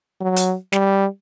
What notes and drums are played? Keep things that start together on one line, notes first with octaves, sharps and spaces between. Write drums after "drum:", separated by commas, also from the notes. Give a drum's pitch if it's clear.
F#3
drum: hi-hat
G3, drum: snare